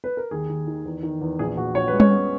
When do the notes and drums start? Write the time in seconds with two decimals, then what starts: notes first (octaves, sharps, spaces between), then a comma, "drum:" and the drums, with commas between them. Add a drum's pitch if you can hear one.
0.04 B4
0.17 A#4
0.31 D#2 G#4
0.49 D#2
0.67 D#3
0.85 E2
1.03 D#3
1.21 E2
1.39 A#1 G#4
1.57 A#1 F#4
1.75 A#1 C#5
1.88 G#3 B4
2.00 C#4 C#5, drum: tom G3
2.11 B3